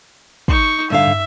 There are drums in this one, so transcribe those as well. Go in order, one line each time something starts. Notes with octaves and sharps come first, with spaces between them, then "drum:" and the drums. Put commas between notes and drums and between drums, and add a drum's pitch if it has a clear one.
D#4 C#6, drum: kick
G2 D3 E5 F5
drum: tom